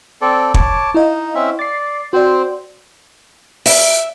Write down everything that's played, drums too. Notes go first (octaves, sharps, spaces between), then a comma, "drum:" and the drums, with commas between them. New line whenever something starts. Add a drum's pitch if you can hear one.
C4 A4 D5
C#5 A5 D6, drum: kick
D#4 E4 D#5 F5
C4 C#4 E5
D5 A6 C7
C4 F#4 C5 D5
E5, drum: open hi-hat